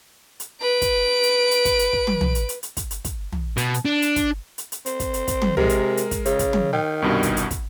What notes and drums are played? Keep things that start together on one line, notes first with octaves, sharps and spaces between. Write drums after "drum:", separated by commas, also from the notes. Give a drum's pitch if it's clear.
drum: hi-hat
B4 D7
drum: kick, hi-hat
drum: hi-hat
drum: hi-hat
drum: kick, hi-hat
drum: hi-hat
drum: kick
drum: tom
drum: tom
drum: hi-hat
drum: hi-hat
drum: hi-hat
drum: kick, hi-hat
drum: hi-hat
drum: kick, hi-hat
drum: tom
B2, drum: hi-hat
drum: hi-hat
D4
drum: hi-hat
drum: kick, hi-hat
drum: hi-hat
drum: hi-hat
C4, drum: hi-hat
drum: kick, hi-hat
drum: hi-hat
drum: kick, hi-hat
drum: tom
C3 G#3 A#4, drum: tom
drum: hi-hat
drum: hi-hat
drum: kick, hi-hat
C#3, drum: hi-hat
drum: kick, hi-hat
drum: tom
D#3 G5
C2 G2 B2
drum: kick, hi-hat
drum: hi-hat
drum: kick, hi-hat